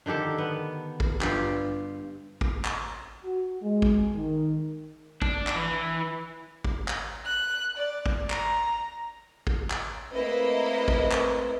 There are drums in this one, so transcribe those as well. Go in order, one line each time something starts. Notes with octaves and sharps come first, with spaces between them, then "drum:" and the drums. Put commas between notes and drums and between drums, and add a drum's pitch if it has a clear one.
D3 D#3 G4 A4
B3
drum: kick
G2 F4 G4, drum: clap
drum: kick
drum: clap
F#4
G#3
drum: kick
D#3
D4, drum: kick
drum: clap
E3
drum: kick
drum: clap
F#6
D5
drum: kick
A#5, drum: clap
drum: kick
drum: clap
A3 A#3 C4 E4 B4 D#5
drum: kick
drum: clap